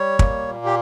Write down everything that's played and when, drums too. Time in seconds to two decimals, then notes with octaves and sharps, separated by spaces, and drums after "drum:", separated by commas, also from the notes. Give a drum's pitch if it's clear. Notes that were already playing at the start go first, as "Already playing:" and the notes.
Already playing: G3 C#5
0.19 A#3, drum: kick
0.48 A#2
0.65 G4